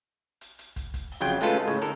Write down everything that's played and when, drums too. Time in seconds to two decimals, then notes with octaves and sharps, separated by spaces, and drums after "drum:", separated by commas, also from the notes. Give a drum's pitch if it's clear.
0.41 drum: hi-hat
0.59 drum: hi-hat
0.76 drum: kick, hi-hat
0.94 drum: kick, hi-hat
1.11 drum: open hi-hat
1.20 F2 C#3 F#3 F4 G5
1.41 G#3 A3 C#4 F4 A4 B4
1.68 A2 C#3 G#3
1.82 D3 A4 A#4